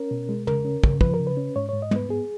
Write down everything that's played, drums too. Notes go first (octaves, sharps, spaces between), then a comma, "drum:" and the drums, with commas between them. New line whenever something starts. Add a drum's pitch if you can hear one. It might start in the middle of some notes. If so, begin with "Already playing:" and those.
Already playing: C#4 A#4
B2
G#3
C#3 A#4, drum: tom
C#4
C#3, drum: kick
F3 B4, drum: kick
A#4
C#3
B4
C#4
G#2 C#5
G#2 C#5
D#5
B3 B4, drum: tom
B3 G#4